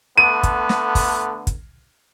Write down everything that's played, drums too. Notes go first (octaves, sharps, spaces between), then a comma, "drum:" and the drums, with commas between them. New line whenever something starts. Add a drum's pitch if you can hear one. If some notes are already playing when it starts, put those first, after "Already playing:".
D3 A3 B3 D#7
drum: kick, hi-hat
drum: snare
drum: kick, open hi-hat
drum: kick, hi-hat